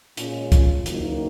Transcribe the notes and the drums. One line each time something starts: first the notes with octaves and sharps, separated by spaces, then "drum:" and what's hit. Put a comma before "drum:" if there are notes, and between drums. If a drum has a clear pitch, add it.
A#2 G#3 C#4 F4, drum: hi-hat
drum: kick, hi-hat
F#1 F#2 D#3 A#3, drum: hi-hat